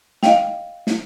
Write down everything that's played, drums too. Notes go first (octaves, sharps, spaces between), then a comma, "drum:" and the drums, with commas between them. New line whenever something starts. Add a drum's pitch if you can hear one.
D#5 F5 G5, drum: snare
drum: snare